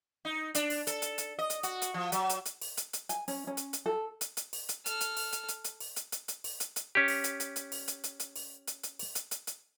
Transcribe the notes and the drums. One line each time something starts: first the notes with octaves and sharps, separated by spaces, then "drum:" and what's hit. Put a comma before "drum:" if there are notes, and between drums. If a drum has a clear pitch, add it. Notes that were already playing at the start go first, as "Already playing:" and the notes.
D#4
D4, drum: hi-hat
drum: open hi-hat
A4, drum: hi-hat
drum: hi-hat
drum: hi-hat
D#5
drum: hi-hat
F#4, drum: hi-hat
drum: hi-hat
F3
F#3, drum: hi-hat
drum: hi-hat
drum: hi-hat
drum: open hi-hat
drum: hi-hat
drum: hi-hat
G#5, drum: hi-hat
C#4, drum: open hi-hat
C#4
drum: hi-hat
drum: hi-hat
A4
drum: hi-hat
drum: hi-hat
drum: open hi-hat
drum: hi-hat
A4 F6, drum: hi-hat
drum: hi-hat
drum: open hi-hat
drum: hi-hat
drum: hi-hat
drum: hi-hat
drum: open hi-hat
drum: hi-hat
drum: hi-hat
drum: hi-hat
drum: open hi-hat
drum: hi-hat
drum: hi-hat
C#4 G4
drum: open hi-hat
drum: hi-hat
drum: hi-hat
drum: hi-hat
drum: open hi-hat
drum: hi-hat
drum: hi-hat
drum: hi-hat
drum: open hi-hat
drum: hi-hat
drum: hi-hat
drum: open hi-hat
drum: hi-hat
drum: hi-hat
drum: hi-hat